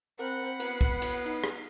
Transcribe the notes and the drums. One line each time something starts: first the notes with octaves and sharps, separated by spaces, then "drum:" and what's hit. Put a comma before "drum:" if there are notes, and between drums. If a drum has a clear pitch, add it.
C4 A#4 F#5 B5
B3 C7, drum: cymbal
drum: kick
drum: cymbal
D#4
drum: rim click